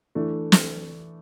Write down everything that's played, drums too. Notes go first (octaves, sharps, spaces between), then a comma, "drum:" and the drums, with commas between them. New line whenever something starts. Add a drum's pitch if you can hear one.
E3 A3 D4
drum: snare